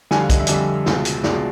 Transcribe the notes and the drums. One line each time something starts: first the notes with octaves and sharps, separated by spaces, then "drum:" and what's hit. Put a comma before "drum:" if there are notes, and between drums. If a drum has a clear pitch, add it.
F2 D3 G3 G#5, drum: snare
F5
D#5, drum: kick, hi-hat
E5
F2 D3 G3 D#5, drum: hi-hat
E5
C#2 B2 G#3, drum: snare
drum: hi-hat
C#2 B2 G#3 D5, drum: snare